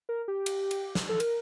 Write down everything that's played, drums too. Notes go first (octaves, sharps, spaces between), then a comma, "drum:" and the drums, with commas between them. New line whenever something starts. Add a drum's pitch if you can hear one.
A#4
G4
drum: cymbal
drum: cymbal
drum: snare
A4
A#4, drum: cymbal